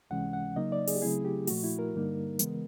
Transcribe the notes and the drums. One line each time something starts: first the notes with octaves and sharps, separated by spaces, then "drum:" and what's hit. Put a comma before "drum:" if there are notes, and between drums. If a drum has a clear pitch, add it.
C#2 C3 E3 G#3 C#4 F#5
F#5
C#3 F#3 A#3 D#4 D#5
D5
G#4, drum: open hi-hat
G4
C#3 F#3 A3 C4 E4 G#4
G4
A#2 F3 A3 F#4, drum: open hi-hat
E4
A#4
G2 D3 G3 A#3 D#4
C#3 E3 G#3 B3, drum: hi-hat